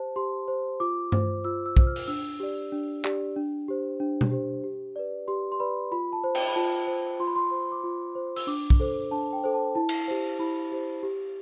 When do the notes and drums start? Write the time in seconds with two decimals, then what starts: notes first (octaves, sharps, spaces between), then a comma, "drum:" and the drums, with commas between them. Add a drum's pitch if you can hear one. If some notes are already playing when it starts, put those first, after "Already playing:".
Already playing: G4 C5 A5
0.16 G4 C6
0.48 C5
0.80 F4 D6
1.12 C5, drum: tom G2
1.44 F4 E6
1.66 E6
1.77 C5, drum: kick
1.87 F6
1.96 drum: open hi-hat
2.08 D4 E6
2.40 G4 D5
2.72 D4
3.04 G4 D5, drum: clap
3.36 D4
3.68 G4 C5
4.00 D4
4.21 drum: tom B2
4.31 G4 C5
4.64 G4
4.96 B4 D5
5.28 G4 C6
5.52 C6
5.60 B4 D5 B5
5.92 F4 B5
6.13 A5
6.24 C5
6.35 G5, drum: cymbal
6.48 B5
6.55 F4 A5
6.87 C5
7.20 F4 C6
7.27 B5
7.36 C6
7.51 C5
7.72 D6
7.84 F4 C6
8.15 C5
8.36 E6, drum: open hi-hat
8.47 D4 D6
8.70 drum: kick
8.80 A4 C5
9.11 D4 A5
9.33 G5
9.44 A4 C5
9.54 A5
9.75 E4 A5
9.89 drum: cymbal
10.08 G4 C5
10.39 E4 B5
10.72 G4 C5
11.03 G4